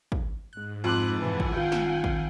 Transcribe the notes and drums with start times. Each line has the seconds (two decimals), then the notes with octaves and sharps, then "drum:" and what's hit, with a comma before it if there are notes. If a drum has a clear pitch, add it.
0.12 drum: kick
0.53 G#2 G#3 F#6
0.84 G#1 F2 B5 C6 D6 F#6
1.13 G2 E3 F#5 G#5 A6
1.24 drum: tom
1.40 drum: kick
1.56 G1 D#3 F4 F5 G5
1.72 drum: snare
2.04 drum: kick